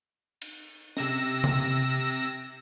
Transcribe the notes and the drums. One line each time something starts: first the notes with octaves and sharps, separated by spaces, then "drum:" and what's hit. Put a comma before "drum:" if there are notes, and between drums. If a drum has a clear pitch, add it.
drum: cymbal
C3 E6 A#6, drum: snare
drum: tom C3